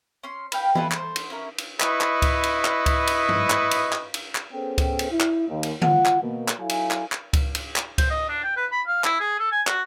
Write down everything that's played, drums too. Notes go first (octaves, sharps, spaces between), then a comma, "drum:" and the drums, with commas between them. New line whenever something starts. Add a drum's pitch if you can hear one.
C#4 C6
B4 F5 G5, drum: cymbal
E4 F4 A4 B4, drum: tom E3
A4 C5, drum: clap
drum: cymbal
C#4 E4 A#4
drum: cymbal
E4 B4 D#5 C#6 D#6, drum: clap
drum: clap
drum: kick C#2, cymbal
drum: cymbal
drum: clap
drum: kick C#2, cymbal
drum: cymbal
drum: tom G2
drum: clap
drum: cymbal
drum: clap
drum: cymbal
drum: clap
B3 C#4 G#4 A4 C5 G5
drum: kick C#2, cymbal
drum: cymbal
E4
drum: clap
D#2
drum: cymbal
F4 F#5, drum: tom D3
drum: clap
B2 A#3
drum: clap
F#3 E4 A4 F5 G#5
drum: cymbal
drum: clap
drum: clap
drum: kick C#2, cymbal
drum: cymbal
drum: clap
C5, drum: kick C#2, cymbal
D#5
D4
G5
B4
B5
F5
E4, drum: clap
G#4
A4
G#5
F#4, drum: clap